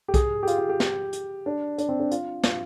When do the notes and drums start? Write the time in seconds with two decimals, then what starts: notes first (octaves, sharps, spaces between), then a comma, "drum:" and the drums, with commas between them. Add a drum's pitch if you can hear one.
0.08 G4
0.14 G#4, drum: kick B1, hi-hat
0.43 G4
0.47 F4, drum: hi-hat
0.58 F4
0.69 G4
0.80 drum: snare
1.13 drum: hi-hat
1.46 D4
1.78 D4, drum: hi-hat
1.89 C4
2.00 D4
2.11 F4, drum: hi-hat
2.43 F4, drum: snare